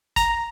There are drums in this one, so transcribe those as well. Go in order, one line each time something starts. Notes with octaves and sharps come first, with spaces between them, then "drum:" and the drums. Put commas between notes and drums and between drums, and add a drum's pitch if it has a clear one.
A#5, drum: kick, hi-hat